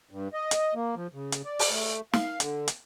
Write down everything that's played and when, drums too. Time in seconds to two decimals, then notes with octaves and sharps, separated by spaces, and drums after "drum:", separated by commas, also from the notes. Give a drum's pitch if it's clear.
0.11 G2
0.34 D#5
0.51 drum: hi-hat
0.75 A#3
0.96 F3
1.14 C#3
1.32 drum: hi-hat
1.45 D5
1.59 drum: open hi-hat
1.70 A3
2.13 F5, drum: snare
2.40 D3, drum: hi-hat
2.68 drum: hi-hat